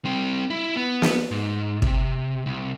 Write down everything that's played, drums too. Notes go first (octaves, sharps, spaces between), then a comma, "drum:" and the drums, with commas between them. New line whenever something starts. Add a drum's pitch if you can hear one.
G3 C4
E4
B3
drum: snare
G#2
C3, drum: kick
C2